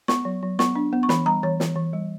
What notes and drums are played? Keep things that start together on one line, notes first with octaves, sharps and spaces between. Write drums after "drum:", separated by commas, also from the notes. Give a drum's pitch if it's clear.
B3 C#6, drum: snare
F#3
F#3
B3 C#6, drum: snare
D4
B3
C#6
E3 B5, drum: snare
G3 A#5
E3 C#5
E3, drum: snare
E3
G3